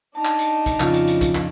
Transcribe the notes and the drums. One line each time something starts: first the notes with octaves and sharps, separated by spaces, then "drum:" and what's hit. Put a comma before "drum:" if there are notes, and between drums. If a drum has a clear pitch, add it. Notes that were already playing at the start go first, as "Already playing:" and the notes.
D4 D#4 A5
drum: clap
drum: hi-hat
drum: kick, hi-hat
F2 C#3 F4, drum: clap
drum: hi-hat
drum: hi-hat
drum: kick, hi-hat
drum: clap